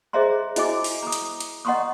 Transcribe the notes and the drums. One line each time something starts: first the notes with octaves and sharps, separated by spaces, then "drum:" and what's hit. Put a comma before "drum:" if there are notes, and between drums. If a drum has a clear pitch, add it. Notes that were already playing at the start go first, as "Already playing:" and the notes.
G#4 C5 D#5 E5 A#5 C6
E4 F#4 D#5 G#5 D6, drum: hi-hat
drum: open hi-hat
A#5 D#6
drum: hi-hat
drum: hi-hat
D#5 F#5 A#5 C6 C#6 D#6